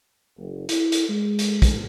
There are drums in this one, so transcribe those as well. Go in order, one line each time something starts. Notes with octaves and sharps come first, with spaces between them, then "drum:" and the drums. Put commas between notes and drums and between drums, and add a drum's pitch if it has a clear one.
F#1
E4, drum: hi-hat
drum: hi-hat
G#3
drum: hi-hat
drum: kick, hi-hat